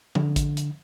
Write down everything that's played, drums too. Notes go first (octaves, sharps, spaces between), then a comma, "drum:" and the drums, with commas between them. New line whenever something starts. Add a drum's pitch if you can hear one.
D3, drum: tom F3
drum: kick, hi-hat
drum: hi-hat